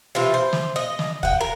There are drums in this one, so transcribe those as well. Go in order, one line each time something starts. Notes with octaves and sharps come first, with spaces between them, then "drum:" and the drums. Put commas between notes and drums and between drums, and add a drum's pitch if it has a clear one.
C3 E3 F4
C5
drum: snare
D#5
drum: snare
F#5 G5, drum: kick D2
A#4